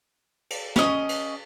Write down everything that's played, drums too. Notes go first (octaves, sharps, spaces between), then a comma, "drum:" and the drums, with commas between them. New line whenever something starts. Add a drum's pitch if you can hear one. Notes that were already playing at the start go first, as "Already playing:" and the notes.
drum: cymbal
C#4 D#5, drum: snare
drum: cymbal